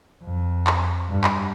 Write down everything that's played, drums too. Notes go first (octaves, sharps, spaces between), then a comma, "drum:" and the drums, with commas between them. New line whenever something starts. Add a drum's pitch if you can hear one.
F2
drum: clap
G2
drum: clap